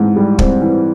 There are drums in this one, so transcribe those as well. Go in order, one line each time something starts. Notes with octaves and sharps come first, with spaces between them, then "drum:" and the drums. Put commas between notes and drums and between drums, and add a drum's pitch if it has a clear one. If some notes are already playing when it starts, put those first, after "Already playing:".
Already playing: G#2 E3
G3
C4, drum: kick
E3